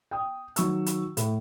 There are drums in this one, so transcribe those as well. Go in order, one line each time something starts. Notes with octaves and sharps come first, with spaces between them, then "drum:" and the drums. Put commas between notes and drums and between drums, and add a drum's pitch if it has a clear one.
G5 D#6
D#3 F#3 C#6 E6, drum: hi-hat
drum: hi-hat
A2, drum: hi-hat